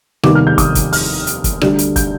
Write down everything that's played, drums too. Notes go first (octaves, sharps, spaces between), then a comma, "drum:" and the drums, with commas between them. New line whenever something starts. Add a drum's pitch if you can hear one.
F1 D#2 D#3 G3 B3 D6, drum: rim click
F6
G6
D#6, drum: kick, hi-hat
drum: kick, hi-hat
F6, drum: open hi-hat
drum: hi-hat
drum: kick, hi-hat
D2 D3 G3, drum: rim click
drum: hi-hat
G6, drum: kick, hi-hat